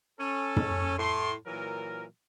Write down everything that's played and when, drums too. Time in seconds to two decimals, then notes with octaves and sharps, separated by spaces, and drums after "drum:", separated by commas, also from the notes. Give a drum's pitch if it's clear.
0.20 C#4 A4
0.56 drum: tom
0.98 A2 C6
1.46 A#2 E3 F#3 A#4